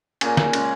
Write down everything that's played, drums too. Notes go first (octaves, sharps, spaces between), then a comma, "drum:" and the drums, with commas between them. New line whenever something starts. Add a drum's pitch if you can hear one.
A#2 A#3 C#4 G#4, drum: cymbal
drum: snare
C#3 G#3 C#4, drum: cymbal